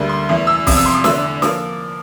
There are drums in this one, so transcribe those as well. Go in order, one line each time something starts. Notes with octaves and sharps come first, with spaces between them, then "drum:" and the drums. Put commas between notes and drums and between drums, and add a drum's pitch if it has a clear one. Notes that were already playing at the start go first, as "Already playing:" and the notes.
Already playing: D2 D3 G3 A#3
C6
E2 E3 A3
E6
E2 C3 F3 D6, drum: kick, open hi-hat
E6
C6
D6
E2 D3 A3 E6, drum: snare
F3 A#3 D6, drum: snare